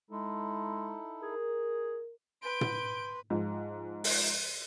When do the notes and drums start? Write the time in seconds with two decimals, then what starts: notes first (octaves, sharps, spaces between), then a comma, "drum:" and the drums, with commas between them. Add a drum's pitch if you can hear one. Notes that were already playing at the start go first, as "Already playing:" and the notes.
0.11 G#3 D#4 E4 A4
1.23 G#4 A#4
2.42 B4 C6 G6 D7
2.61 drum: tom
3.30 G#2 F3
4.04 drum: open hi-hat